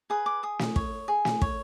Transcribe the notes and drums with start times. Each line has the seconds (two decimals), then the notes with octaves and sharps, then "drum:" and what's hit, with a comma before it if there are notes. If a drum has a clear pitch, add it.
0.10 G#4 B4 D#6
0.26 D6
0.43 G#4 D#6
0.59 drum: snare
0.76 C#5, drum: kick
1.08 G#4
1.25 drum: snare
1.42 C#5, drum: kick